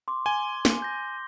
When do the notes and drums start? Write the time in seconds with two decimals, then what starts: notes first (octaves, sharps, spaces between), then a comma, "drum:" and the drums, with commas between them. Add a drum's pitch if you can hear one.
0.08 C6 D6
0.26 G#5 G7
0.65 drum: snare
0.82 G6 A#6